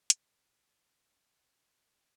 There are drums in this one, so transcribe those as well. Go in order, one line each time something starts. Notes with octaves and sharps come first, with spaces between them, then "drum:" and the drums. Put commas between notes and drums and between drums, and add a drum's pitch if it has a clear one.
B1 A#2 G3 C#4, drum: hi-hat